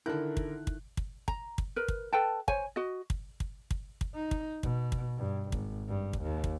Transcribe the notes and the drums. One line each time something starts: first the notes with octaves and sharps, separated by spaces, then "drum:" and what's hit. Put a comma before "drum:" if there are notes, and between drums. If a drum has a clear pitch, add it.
D3 D#3 E4 A4 A#4 F#6
drum: kick
drum: kick
drum: kick
A#5, drum: kick
drum: kick
A#4 B4
drum: kick
A4 B4 G5 A5
C5 C#5 G#5, drum: kick
F#4 D#5
drum: kick
drum: kick
drum: kick
drum: kick
D#4
drum: kick
B2, drum: kick
drum: kick
G2
G#1, drum: kick
G2
drum: kick
D#2
drum: kick